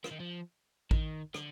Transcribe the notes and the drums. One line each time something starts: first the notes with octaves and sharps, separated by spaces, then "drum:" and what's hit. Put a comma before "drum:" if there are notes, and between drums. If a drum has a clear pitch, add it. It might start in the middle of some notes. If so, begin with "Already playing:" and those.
F3, drum: rim click
D#3
F3
D#3, drum: kick A1
D3, drum: rim click